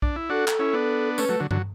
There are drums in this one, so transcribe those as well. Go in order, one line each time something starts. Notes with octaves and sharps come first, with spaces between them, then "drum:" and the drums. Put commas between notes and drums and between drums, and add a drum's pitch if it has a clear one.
D4, drum: kick B1
E4
D4 F#4 A4
drum: clap
C#4 E4
B3 D4
A3 C#4 B4, drum: tambourine
F#3 A3
D3 F#3
D3 F#3, drum: tom G2